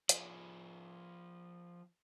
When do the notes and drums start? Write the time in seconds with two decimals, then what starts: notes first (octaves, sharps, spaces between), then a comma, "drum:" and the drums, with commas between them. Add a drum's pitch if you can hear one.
0.09 F3 G#4, drum: hi-hat